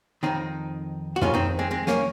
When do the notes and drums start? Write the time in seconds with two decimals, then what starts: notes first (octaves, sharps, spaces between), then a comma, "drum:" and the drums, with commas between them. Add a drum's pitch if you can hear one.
0.23 F2 D#3 C4 D#4
1.16 F#4
1.21 F2 C3 D#3 C#4 F4, drum: tom
1.34 C4 D#4
1.59 G#3 C4
1.71 G#3 C4
1.87 A#3 C#4, drum: snare